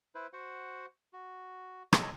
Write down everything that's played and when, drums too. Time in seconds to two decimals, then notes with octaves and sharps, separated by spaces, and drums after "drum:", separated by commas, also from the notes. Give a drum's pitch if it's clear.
0.15 E4 B4 C5
0.33 F#4 C5 F#5
1.13 F#4
1.93 A4 C#5 D#5, drum: rim click